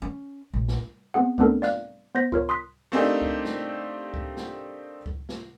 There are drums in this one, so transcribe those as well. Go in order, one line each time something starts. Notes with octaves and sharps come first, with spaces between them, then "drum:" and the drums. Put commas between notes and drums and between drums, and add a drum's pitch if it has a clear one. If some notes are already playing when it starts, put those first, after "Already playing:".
C#4
A#1
drum: snare
B3 C4 G#4 F#5
A3 B3 C4 D4 A4 A#4, drum: kick C#2
D5 F5 F#6, drum: snare
B3 C5 G6 A#6 B6
F4 A#4 C#5, drum: kick C#2
C6 D#6 F#6 B6
A3 A#3 C4 D4 D#4 G4
drum: kick C#2
drum: snare
drum: kick C#2
drum: snare
drum: kick C#2
drum: snare